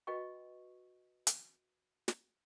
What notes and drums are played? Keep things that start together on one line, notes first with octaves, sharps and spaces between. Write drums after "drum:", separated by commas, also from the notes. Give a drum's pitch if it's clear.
F#4 B4 D#5 G5 C#6
drum: hi-hat
drum: snare